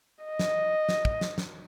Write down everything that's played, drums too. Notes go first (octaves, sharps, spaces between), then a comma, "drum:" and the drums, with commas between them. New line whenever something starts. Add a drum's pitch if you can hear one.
D#5
drum: snare
drum: snare
drum: kick
drum: snare
drum: snare